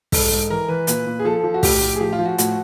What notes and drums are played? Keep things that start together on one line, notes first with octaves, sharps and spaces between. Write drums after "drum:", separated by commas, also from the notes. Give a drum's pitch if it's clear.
G#2 A4, drum: kick, open hi-hat
G#2
E3 A#4
E3 B4
A#2 B4, drum: hi-hat
A#2
G#4
F3 A4
F3
F#4
A2 G4, drum: kick, open hi-hat
A2
G#4
F3 G4
F4
F3
F#4
A2 F#4, drum: hi-hat